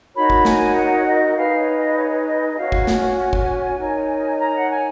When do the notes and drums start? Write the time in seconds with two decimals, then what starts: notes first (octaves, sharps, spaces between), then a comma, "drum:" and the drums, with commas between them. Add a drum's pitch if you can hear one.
0.14 D#4 F#4 A#4 C#5 B5
0.30 drum: kick G1
0.45 G#5, drum: snare
0.75 F#5
0.99 C#5
1.06 D#5
1.31 F#5
1.36 D#4 G#4 B4 F5
1.56 C#5
1.76 D#5
1.96 C#5
2.27 D#5
2.57 C#4 F#4 C#5 F5
2.72 drum: kick G1
2.87 G#5, drum: snare
3.33 drum: kick G1
3.78 D#4 A#4 C#5
4.39 A#5
4.54 F#5
4.69 G#5